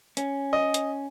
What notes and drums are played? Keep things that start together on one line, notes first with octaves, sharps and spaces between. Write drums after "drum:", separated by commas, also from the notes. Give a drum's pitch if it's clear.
C#4, drum: hi-hat
D#5
drum: hi-hat